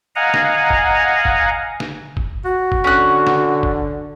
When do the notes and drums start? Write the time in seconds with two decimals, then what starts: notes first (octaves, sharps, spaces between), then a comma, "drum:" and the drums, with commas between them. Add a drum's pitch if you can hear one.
0.15 D#5 F5 F#5 G#5 A#5
0.34 drum: snare
0.70 drum: kick F#1
1.25 drum: kick F#1
1.80 drum: snare
2.17 drum: kick F#1
2.45 F#4
2.72 drum: kick F#1
2.84 D3 C#4 F#6
3.27 drum: snare
3.63 drum: kick F#1